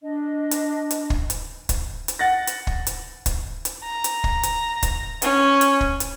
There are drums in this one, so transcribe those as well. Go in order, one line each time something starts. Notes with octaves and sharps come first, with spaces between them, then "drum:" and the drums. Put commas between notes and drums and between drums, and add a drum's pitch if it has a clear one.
D4 D#5
drum: hi-hat
drum: hi-hat
drum: kick
drum: hi-hat
drum: kick, hi-hat
drum: hi-hat
F#5 A6 A#6
drum: hi-hat
drum: kick
drum: hi-hat
drum: kick, hi-hat
drum: hi-hat
A#5
drum: hi-hat
drum: kick
drum: hi-hat
drum: kick, hi-hat
C#4, drum: hi-hat
drum: hi-hat
drum: kick
drum: hi-hat